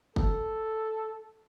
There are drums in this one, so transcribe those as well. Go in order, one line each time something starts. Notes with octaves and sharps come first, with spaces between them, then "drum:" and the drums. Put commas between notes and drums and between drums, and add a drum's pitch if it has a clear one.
A4, drum: kick G1